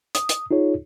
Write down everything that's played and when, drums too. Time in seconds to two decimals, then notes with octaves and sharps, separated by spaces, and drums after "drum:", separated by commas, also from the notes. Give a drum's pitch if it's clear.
0.15 D#6, drum: hi-hat
0.29 drum: hi-hat
0.51 D#4 F4 G#4 C#5